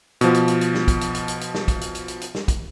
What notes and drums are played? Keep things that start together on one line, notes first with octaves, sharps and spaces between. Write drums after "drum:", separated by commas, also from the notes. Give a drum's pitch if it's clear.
B2 F3, drum: hi-hat
drum: hi-hat
drum: hi-hat
drum: hi-hat
drum: snare
drum: kick, hi-hat
drum: hi-hat
drum: hi-hat
drum: hi-hat
drum: hi-hat
drum: snare
drum: kick, hi-hat
drum: hi-hat
drum: hi-hat
drum: hi-hat
drum: hi-hat
drum: snare
drum: kick, hi-hat